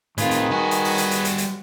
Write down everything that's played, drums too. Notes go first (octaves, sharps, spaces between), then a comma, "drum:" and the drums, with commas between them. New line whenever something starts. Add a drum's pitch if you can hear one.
A2 D#3 C4 F4 G#4 B4, drum: hi-hat
drum: hi-hat
G3 F#4 G#5
drum: hi-hat
drum: open hi-hat
drum: hi-hat
drum: hi-hat
drum: hi-hat
drum: hi-hat